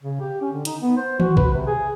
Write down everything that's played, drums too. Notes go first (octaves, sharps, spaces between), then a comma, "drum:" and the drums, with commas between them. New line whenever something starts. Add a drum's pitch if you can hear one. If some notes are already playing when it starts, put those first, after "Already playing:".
C#3
G4
C#4
D3
D#4, drum: hi-hat
B3
C5
F#4, drum: tom D#3
B4, drum: kick
C3
G#4